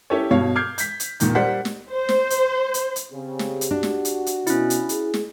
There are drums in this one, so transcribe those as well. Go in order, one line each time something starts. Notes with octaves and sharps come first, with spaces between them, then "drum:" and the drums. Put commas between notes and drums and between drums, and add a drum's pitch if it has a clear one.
C#4 E4 G4 A4 C#5
G2 B2 C#5 F5
D6 F6 G6 G#6 C7
G6 B6, drum: hi-hat
drum: hi-hat
D#1 A#2 D#3 G6, drum: hi-hat
G3 A#4 C5 D5 F#5 B6
drum: snare
C5
drum: snare
drum: hi-hat
drum: hi-hat
drum: hi-hat
C#3 C4 G4
drum: snare
drum: hi-hat
D4 F#4
drum: snare
drum: hi-hat
drum: hi-hat
B2 C#4 E4, drum: hi-hat
drum: hi-hat
G#4, drum: hi-hat
drum: snare